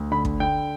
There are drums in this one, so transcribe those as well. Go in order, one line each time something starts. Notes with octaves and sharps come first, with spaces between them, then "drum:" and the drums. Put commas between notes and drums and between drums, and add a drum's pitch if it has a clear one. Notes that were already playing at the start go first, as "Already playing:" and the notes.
Already playing: D2
D3 B5
drum: kick
D3 G5